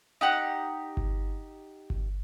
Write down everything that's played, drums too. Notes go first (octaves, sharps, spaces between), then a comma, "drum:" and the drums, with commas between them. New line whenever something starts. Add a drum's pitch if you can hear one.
D#4 G4 F#5
drum: kick G1
drum: kick G1